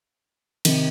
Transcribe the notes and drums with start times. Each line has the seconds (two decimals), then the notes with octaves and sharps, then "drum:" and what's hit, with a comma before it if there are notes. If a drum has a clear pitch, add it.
0.65 C3 D#3, drum: cymbal